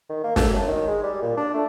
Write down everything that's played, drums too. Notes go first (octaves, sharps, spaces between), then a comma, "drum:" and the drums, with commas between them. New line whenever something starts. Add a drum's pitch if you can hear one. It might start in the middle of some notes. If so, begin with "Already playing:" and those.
D#3
A#3
A4, drum: snare
F#2
D#3
G#3
G3
A#2
D4
A3